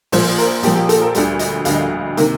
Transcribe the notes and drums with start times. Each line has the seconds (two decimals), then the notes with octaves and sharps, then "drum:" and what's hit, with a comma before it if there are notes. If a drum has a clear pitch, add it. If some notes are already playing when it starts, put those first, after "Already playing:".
0.12 A#1 A#2 F3 C5, drum: open hi-hat
0.38 A#4, drum: hi-hat
0.63 A#1 A#2 F3 G4, drum: hi-hat
0.76 G4
0.89 A4, drum: hi-hat
1.02 A#4
1.15 D2 D3 G3, drum: hi-hat
1.39 D#5, drum: hi-hat
1.65 D2 D3 G3 F5, drum: hi-hat
1.74 D#5
1.83 F5
2.17 C3 D#3 A#3, drum: hi-hat